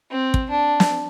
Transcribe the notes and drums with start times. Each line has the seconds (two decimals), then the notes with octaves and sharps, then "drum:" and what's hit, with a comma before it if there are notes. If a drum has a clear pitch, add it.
0.10 C4
0.34 drum: kick
0.50 D4
0.80 drum: snare